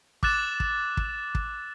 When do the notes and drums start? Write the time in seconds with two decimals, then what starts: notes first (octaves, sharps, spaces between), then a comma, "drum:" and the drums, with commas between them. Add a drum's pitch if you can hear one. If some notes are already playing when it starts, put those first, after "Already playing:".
0.23 D6 E6 F#6 A6 E7, drum: kick
0.60 drum: kick
0.97 drum: kick
1.35 drum: kick